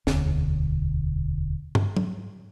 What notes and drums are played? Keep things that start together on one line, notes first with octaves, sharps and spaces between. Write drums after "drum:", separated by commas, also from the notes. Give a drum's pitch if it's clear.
E1 D2 B2, drum: snare
drum: tom
drum: tom